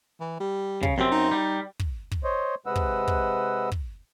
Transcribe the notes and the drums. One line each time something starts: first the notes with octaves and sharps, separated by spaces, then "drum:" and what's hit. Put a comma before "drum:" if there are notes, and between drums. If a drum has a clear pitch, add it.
E3
G3
C#3, drum: kick
F#2 C3 C4
D#4
G3
drum: kick
drum: kick
C5 C#5 D#5
C3 G#3 B4 D#5 F#5 E6
drum: kick
drum: kick
drum: kick